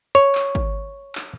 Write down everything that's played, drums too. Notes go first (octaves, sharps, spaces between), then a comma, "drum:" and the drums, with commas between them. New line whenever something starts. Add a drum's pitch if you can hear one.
C#5
drum: clap
drum: kick
drum: clap